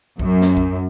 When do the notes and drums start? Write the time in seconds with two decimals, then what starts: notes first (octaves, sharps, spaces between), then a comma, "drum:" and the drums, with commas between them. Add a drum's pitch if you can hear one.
0.19 F#2, drum: kick B1
0.42 drum: snare
0.57 drum: kick B1